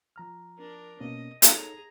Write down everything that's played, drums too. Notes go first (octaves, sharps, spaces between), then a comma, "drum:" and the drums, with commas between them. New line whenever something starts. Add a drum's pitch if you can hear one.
F3 A#5 F6
D4 A#4
B2 A#3 C#4 D#5
D#4 G#4 A4 C#5 A#5, drum: hi-hat